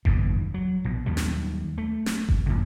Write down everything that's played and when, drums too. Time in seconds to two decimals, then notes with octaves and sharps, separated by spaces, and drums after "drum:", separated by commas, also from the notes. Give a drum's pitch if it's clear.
0.05 F#1 D#2 G#2 B2, drum: kick G1
0.54 F#3
0.84 A#1 B2
1.06 D#2 D#3 F#3 G3
1.17 drum: snare
1.78 A3
2.06 drum: snare
2.29 drum: kick G1
2.46 F#2 A#2 D3